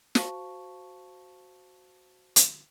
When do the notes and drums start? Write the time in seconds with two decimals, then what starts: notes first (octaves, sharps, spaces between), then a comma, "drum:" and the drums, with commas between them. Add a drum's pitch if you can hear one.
0.15 F#4 C5 F5 A5 C#6, drum: snare
2.36 drum: hi-hat